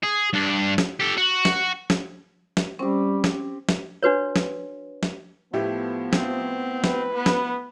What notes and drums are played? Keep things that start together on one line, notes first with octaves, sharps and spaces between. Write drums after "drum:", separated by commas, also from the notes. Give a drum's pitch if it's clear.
G#4
G2 D4
drum: snare
G4 A4
F#4
drum: snare
drum: snare
drum: snare
G3 C4 C#4 G4
drum: snare
drum: snare
D4 F#4 B4 C#5
drum: snare
drum: snare
A2 F3 A3 B3 G4
C4, drum: snare
B4, drum: snare
B3
drum: snare